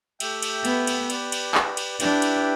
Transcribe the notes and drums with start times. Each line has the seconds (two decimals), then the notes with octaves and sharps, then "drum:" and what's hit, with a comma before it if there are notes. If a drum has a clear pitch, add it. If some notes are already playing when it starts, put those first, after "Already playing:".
0.20 A3 G4 E5 G5, drum: cymbal
0.43 drum: cymbal
0.65 B3, drum: cymbal
0.87 drum: cymbal
1.10 G4 B4 D5, drum: cymbal
1.32 drum: cymbal
1.55 drum: clap
1.77 drum: cymbal
2.00 D4 E4 G4 B4 G5, drum: cymbal
2.22 drum: cymbal